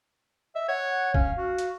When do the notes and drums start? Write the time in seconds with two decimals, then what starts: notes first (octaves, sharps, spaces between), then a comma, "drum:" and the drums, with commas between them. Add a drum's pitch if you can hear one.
0.55 D#5 E5
0.69 C#5 F#5
0.91 F#5
1.14 C#4 F5, drum: kick
1.38 F#4
1.58 drum: hi-hat